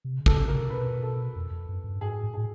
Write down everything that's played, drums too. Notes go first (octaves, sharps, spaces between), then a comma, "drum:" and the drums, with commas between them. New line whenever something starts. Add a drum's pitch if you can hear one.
C3
C#3
A4, drum: kick
C#3
A#4
C3
B2 B4
A4
F2
F2
F#2
G2
G#2 G#4
A2
A2 G#4